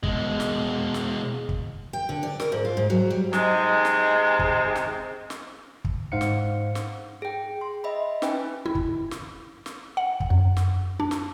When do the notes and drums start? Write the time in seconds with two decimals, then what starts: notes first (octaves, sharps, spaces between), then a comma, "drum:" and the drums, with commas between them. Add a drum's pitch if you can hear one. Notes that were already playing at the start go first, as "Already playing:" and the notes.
0.03 B2 G#3, drum: kick
0.40 drum: snare
0.94 drum: snare
1.49 drum: kick
1.93 G5
2.09 D3
2.23 D5
2.40 A#4, drum: snare
2.52 G#2
2.65 F4
2.77 G#2
2.90 F#3
3.10 G3
3.33 C3 G#3 D#4, drum: snare
3.85 drum: snare
4.39 drum: kick
4.76 drum: snare
5.30 drum: snare
5.84 drum: kick
6.12 G#2 D#4 C5 F5 F#5 C#7
6.21 drum: snare
6.75 drum: snare
7.22 G#4 G5
7.61 C6
7.84 D#5 E5 B5
8.22 C#4 D#4 B4 G5 G#5, drum: snare
8.66 E4
8.75 drum: kick
9.11 drum: snare
9.66 drum: snare
9.97 F#5
10.20 drum: kick
10.30 F#2
10.57 drum: snare
11.00 D4
11.11 drum: snare